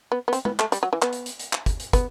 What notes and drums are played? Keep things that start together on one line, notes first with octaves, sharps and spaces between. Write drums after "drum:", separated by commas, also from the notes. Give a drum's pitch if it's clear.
B3
B3
C4, drum: hi-hat
B3, drum: tom G#3
A3, drum: clap
G3, drum: hi-hat
F#3
E3
B3, drum: clap
drum: hi-hat
drum: hi-hat
drum: hi-hat
drum: clap
drum: kick, hi-hat
drum: hi-hat
B3, drum: kick, hi-hat